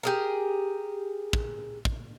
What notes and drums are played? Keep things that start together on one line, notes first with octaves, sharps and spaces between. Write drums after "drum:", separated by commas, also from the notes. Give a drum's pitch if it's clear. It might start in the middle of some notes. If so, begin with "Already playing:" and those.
G4 G#4 A#4
drum: kick
drum: kick